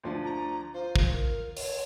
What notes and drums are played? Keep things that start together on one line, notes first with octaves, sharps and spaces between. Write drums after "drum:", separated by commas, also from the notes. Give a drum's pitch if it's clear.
D2 F3 D4
A#5
F4 C5
drum: kick
A#4
C#5, drum: open hi-hat